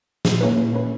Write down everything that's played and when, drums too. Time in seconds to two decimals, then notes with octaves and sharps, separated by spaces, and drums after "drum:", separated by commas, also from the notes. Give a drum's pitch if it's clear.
0.25 A#2, drum: snare
0.41 A#3 C#4 E4 B4
0.57 A#2
0.73 A#3 C#4 E4 B4